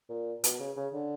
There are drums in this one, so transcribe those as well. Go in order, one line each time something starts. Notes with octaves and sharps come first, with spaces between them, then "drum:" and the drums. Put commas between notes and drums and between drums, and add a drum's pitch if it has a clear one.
A#2
B2, drum: hi-hat
C#3
C#3
D3